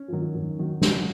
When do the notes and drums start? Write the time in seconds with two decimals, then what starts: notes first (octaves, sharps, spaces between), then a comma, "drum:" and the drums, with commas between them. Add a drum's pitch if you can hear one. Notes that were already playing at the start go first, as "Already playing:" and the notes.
Already playing: C#4
0.08 F3
0.12 D#3 F#3
0.35 F2 D#3
0.59 D#3 F#3
0.82 F3 F#3, drum: snare